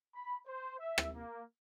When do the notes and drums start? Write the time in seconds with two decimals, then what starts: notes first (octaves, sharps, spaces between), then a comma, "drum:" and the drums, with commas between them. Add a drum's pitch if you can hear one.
0.14 B5
0.46 C5
0.79 E5
0.98 drum: rim click
1.15 A#3